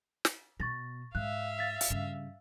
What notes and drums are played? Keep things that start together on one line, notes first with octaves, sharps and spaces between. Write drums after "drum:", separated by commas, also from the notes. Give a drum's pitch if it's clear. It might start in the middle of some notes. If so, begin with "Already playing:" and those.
drum: snare
B2 C#6 A6 A#6
G#2 E5 F5 F#6
A6 B6
drum: hi-hat
G2 C#3